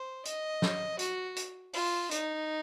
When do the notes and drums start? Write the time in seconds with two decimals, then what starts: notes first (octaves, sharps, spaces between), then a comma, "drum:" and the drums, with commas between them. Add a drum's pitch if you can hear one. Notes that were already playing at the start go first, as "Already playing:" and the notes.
Already playing: C5
0.25 D#5, drum: hi-hat
0.62 drum: snare
0.99 F#4, drum: hi-hat
1.36 drum: hi-hat
1.73 F4, drum: open hi-hat
2.11 D#4, drum: hi-hat